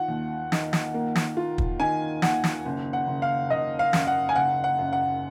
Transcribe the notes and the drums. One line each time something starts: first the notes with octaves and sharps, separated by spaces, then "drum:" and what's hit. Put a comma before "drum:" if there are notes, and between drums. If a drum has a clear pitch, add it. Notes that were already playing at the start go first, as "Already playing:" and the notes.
Already playing: D#3 F4 F#5
D#2
D#3, drum: snare
drum: snare
A#3
drum: snare
F4
drum: kick
D#3 G#5
D#2 F#5, drum: snare
drum: snare
F#1
F#5
F#1
F5
F#1 D#5
F5
F#2, drum: snare
F#5
G#5
F#1 F#5
F#5
F#2
F#5